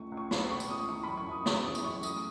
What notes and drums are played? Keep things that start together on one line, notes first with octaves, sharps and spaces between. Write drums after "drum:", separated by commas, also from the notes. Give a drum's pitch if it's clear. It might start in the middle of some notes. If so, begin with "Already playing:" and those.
Already playing: C#2 A3 C#6
C#2
C#6
B2 B5, drum: snare
A3 C#6
drum: tambourine
C#2 D#6
E3 C#6
F#2 B5
C#6
F#2 D#6
C#3 B5, drum: snare
E3 D#6
drum: tambourine
F#2 C#6
A3 D#6, drum: tambourine